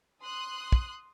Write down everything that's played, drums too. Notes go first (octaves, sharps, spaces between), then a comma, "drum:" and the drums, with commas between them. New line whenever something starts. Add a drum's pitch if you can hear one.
C6 D#6 F#6
drum: kick